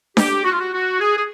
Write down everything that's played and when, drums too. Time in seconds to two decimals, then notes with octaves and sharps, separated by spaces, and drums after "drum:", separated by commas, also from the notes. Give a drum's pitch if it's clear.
0.17 G4, drum: snare D4
0.44 F#4
0.52 F4
0.59 F#4
0.73 F#4
1.00 G#4
1.17 G#4